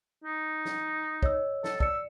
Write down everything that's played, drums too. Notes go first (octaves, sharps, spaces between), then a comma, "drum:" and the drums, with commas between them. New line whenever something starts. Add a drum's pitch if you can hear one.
D#4
drum: snare
C#5 D#5 E6, drum: kick
A4, drum: snare
D5 E6 C#7, drum: kick